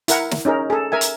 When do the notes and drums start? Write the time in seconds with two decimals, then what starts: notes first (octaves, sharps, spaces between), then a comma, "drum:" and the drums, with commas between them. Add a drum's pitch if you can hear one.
0.08 E4 A#4 F#5, drum: hi-hat
0.31 drum: snare
0.45 C#4 D#4 G#4 A#4
0.70 G#4 A4
0.92 A#4 E5 G#5
1.01 drum: hi-hat